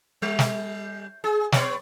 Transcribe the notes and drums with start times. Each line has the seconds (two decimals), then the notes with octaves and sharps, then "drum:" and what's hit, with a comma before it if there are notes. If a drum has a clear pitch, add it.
0.22 G3
0.39 drum: snare
1.24 G#4
1.52 B3 C#5 D5, drum: snare